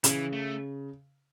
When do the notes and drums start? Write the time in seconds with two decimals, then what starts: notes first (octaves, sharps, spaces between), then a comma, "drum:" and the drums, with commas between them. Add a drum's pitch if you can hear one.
0.04 C#3 E3, drum: hi-hat
0.33 A3